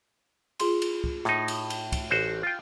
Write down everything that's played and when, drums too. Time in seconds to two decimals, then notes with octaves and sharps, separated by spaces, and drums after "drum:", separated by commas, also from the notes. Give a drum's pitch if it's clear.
0.60 F4 G#4 C6, drum: cymbal
0.82 drum: cymbal
1.04 drum: kick
1.25 A2 D#4, drum: rim click
1.48 drum: cymbal
1.70 drum: cymbal
1.92 drum: kick, cymbal
2.10 A1 F#4 C5
2.43 F4 G5